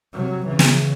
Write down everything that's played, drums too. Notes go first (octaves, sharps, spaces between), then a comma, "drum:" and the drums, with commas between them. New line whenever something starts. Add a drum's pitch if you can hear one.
C3 F#3
C#3 E3
drum: snare